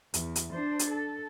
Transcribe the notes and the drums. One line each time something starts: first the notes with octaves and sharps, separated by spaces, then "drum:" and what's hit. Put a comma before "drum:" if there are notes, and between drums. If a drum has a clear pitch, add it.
E2, drum: hi-hat
drum: hi-hat
D4 C5
drum: hi-hat
A4